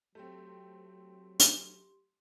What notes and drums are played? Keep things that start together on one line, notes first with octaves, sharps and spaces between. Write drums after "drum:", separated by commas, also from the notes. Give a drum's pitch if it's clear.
F#3 A3 C4 G4 C6
drum: hi-hat